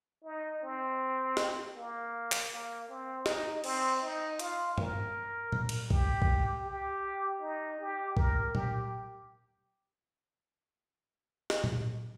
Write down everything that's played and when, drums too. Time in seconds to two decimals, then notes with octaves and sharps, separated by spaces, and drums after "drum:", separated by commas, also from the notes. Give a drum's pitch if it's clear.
0.24 D#4
0.62 C4
1.37 drum: snare
1.75 A#3
2.32 drum: clap
2.51 A#3
2.89 C4
3.26 D#4, drum: snare
3.64 C4, drum: cymbal
4.02 D#4
4.39 F4, drum: hi-hat
4.78 A#4, drum: tom G2
5.52 drum: tom A#2
5.69 drum: cymbal
5.90 G4, drum: kick
6.22 drum: kick
6.66 G4
7.41 D#4
7.80 G4
8.17 A#4, drum: kick
8.55 G4, drum: tom A#2
11.50 drum: snare
11.64 drum: tom A#2